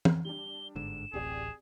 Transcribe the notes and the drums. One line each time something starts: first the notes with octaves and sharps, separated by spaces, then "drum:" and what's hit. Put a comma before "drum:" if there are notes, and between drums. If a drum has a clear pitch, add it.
drum: tom
G3 D4 G7
G1 G#2 D3 E7
D1 A1 C4 G4 G#4 D5